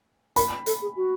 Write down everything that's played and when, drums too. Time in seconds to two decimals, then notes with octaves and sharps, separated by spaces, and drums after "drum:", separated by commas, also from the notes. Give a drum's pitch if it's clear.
0.36 A#4 B5, drum: hi-hat
0.66 A4, drum: hi-hat
0.82 G#4
0.96 F#4